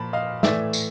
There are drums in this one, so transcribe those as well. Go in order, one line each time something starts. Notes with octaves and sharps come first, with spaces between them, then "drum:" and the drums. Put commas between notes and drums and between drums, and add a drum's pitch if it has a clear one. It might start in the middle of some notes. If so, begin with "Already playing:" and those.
Already playing: A#2 F3 A#3 A5 B5
D#5 F5
A2 E3 A3 D5 E5, drum: snare
drum: tambourine